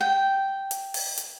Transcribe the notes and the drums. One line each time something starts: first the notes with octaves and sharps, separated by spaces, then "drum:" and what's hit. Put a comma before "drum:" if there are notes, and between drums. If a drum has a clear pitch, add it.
G5
drum: hi-hat
drum: open hi-hat
drum: hi-hat